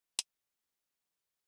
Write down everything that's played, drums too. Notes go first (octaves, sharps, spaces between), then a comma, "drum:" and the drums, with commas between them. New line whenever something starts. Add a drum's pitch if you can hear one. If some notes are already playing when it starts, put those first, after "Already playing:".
G#3 C4, drum: hi-hat